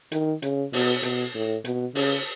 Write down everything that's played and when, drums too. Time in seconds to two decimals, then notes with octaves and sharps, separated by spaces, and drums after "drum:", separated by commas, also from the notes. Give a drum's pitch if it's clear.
0.12 D#3, drum: hi-hat
0.42 C#3, drum: hi-hat
0.73 B2, drum: open hi-hat
1.03 B2, drum: hi-hat
1.34 A2
1.65 B2, drum: hi-hat
1.95 C#3, drum: open hi-hat